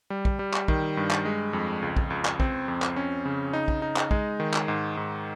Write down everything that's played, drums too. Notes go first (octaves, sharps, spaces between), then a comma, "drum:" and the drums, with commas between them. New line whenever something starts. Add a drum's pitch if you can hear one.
G3
drum: kick
G3
drum: clap
D#3, drum: kick
G2
drum: clap
G#3
F2
C#2
drum: kick
C#2
drum: clap
C4, drum: kick
F2
drum: clap
C#4
C#3
D#4
drum: kick
D#4
drum: clap
G#3, drum: kick
D#3
drum: clap
G#2
G#2